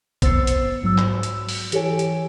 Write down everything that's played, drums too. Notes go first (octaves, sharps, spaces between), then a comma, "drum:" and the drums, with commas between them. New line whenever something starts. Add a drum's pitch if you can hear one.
B3 C5 E6 A6 C7 C#7, drum: kick, hi-hat
drum: hi-hat
G#2 F#3 E6
drum: clap
drum: hi-hat
drum: open hi-hat
E3 G4 A4 C#5 G#5 D7, drum: hi-hat
drum: hi-hat